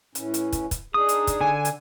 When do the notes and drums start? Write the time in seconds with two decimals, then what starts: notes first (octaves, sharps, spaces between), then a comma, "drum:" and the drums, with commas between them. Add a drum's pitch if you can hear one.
0.15 A2 E3 C#4, drum: hi-hat
0.34 drum: hi-hat
0.53 drum: kick, hi-hat
0.71 drum: kick, hi-hat
0.94 D4 D#4 G#4 D#6
1.09 drum: hi-hat
1.27 drum: kick, hi-hat
1.41 D3 G#5
1.65 drum: hi-hat